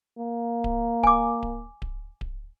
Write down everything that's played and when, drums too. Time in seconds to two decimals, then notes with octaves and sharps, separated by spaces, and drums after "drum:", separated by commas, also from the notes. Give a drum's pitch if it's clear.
0.19 A#3
0.64 drum: kick D1
1.03 G#5 D6, drum: kick D1
1.43 drum: kick D1
1.82 drum: kick D1
2.21 drum: kick D1